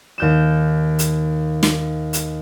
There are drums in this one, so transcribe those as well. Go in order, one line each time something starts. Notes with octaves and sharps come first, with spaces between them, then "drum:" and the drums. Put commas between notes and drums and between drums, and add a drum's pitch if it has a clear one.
D#2 G6 E7
drum: hi-hat
drum: snare
drum: hi-hat